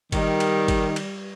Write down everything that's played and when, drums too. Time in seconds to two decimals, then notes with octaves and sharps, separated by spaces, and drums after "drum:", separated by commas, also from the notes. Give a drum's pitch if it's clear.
0.12 D#3 G3, drum: kick G1, cymbal
0.40 drum: cymbal
0.68 drum: kick G1, cymbal
0.96 drum: cymbal